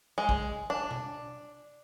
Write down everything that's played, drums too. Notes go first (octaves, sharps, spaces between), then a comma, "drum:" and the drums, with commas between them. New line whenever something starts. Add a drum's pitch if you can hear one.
G#3
drum: kick
D4
drum: tom B2